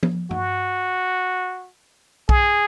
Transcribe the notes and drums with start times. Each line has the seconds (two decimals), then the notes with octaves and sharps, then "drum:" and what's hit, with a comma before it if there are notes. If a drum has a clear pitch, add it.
0.03 drum: tom F3
0.31 F#4, drum: tom G2
2.29 G#4, drum: kick B1